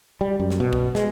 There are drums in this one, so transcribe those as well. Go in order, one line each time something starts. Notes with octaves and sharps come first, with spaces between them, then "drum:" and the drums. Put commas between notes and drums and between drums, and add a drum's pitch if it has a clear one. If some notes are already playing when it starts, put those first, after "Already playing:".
G3
F#2
drum: snare
B2
drum: kick
G#3, drum: snare